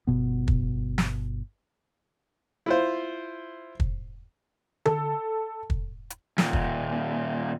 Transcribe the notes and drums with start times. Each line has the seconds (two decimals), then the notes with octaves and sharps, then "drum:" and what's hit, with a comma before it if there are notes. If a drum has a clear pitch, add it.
0.07 G1 B2 B3
0.48 drum: kick
0.98 drum: snare
2.66 E4 F4 C5
3.80 drum: kick
4.85 A4, drum: tom D3
5.70 drum: kick
6.10 drum: hi-hat
6.38 D#2 A#2, drum: snare
6.53 drum: kick